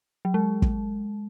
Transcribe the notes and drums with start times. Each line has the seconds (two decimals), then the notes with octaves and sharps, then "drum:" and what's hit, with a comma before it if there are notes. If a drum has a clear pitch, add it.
0.25 F#3
0.34 G#3
0.62 drum: kick